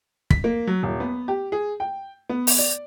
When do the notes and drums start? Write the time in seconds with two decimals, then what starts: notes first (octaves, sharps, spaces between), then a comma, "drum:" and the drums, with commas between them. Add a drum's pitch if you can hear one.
0.30 B6, drum: kick
0.44 A#3
0.67 F#3
0.83 D#1
1.00 B3
1.28 G4
1.52 G#4
1.80 G5
2.29 B3
2.47 drum: open hi-hat
2.59 D5